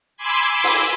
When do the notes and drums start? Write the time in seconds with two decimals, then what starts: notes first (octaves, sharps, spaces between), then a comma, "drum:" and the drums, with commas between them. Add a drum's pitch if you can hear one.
0.17 G#5 B5 C6 D6 E6 G#6
0.64 drum: open hi-hat